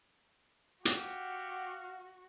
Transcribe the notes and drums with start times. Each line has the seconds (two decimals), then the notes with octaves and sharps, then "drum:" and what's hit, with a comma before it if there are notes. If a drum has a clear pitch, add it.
0.85 F#4 G4 F5 F#5, drum: hi-hat